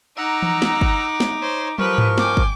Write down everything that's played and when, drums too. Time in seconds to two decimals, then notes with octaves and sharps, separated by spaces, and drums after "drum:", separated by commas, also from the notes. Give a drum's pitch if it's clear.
0.17 D#4 F#5 A#5 D6 E6
0.42 drum: tom E3
0.62 drum: snare
0.81 drum: kick
1.20 drum: snare
1.42 C5 C#5
1.78 F3 G4 A#4 B4 C#6, drum: tom
1.98 drum: tom G#2
2.18 G5 G#5 D6, drum: snare
2.37 drum: kick